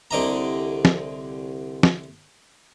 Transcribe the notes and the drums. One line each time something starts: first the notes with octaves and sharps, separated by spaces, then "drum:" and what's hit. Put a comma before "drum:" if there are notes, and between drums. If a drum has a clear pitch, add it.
C2 D3 D#5 A#5
drum: snare
drum: snare